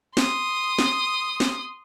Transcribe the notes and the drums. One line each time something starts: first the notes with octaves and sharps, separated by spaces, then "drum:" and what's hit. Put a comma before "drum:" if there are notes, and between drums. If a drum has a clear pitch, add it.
C6 D#6, drum: snare
drum: snare
drum: snare